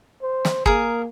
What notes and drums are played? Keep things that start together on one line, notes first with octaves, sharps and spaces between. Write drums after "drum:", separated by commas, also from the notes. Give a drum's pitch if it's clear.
C5
drum: snare
A#3 G#4 A#4, drum: kick